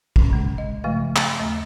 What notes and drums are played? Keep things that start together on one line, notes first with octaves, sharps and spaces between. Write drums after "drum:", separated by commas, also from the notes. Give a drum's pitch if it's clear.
C#3 C#4, drum: kick
A#2 G#3
D#5
G2 C#3 F3 A3 F5
A5 A6, drum: clap
D#2 A3